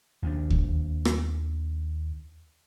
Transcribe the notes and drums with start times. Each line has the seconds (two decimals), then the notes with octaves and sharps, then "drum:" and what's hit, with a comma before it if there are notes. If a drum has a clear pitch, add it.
0.22 D#2 D#3 D4
0.50 drum: kick D2
1.05 drum: rim click